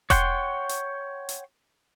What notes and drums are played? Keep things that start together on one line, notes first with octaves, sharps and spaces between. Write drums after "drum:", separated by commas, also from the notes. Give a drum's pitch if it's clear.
C#5 F#5 G5 C6, drum: kick E1, hi-hat
drum: hi-hat
drum: hi-hat